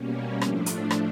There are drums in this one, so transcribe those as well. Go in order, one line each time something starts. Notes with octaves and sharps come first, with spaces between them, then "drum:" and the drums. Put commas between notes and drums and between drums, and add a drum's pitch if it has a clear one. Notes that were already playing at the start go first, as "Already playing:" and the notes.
Already playing: B2 G3 A#3 C#4
A2 F3 A3 D4, drum: rim click
drum: hi-hat
drum: rim click